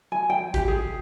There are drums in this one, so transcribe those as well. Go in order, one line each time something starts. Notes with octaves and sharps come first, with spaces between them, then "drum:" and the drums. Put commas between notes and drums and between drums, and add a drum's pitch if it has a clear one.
G#5
G5
G4, drum: kick G#1, hi-hat
G#4